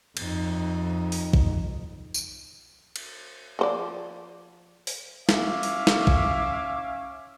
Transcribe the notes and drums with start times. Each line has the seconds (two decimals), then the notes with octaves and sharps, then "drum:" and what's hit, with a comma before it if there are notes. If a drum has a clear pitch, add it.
0.17 F2 D#4, drum: cymbal
1.12 drum: open hi-hat
1.33 drum: kick
2.14 drum: tambourine
2.96 drum: cymbal
3.59 F3 C5 D5
4.87 drum: open hi-hat
5.29 C#4 E5 F5 D6, drum: snare
5.63 drum: open hi-hat
5.87 drum: snare
6.07 drum: kick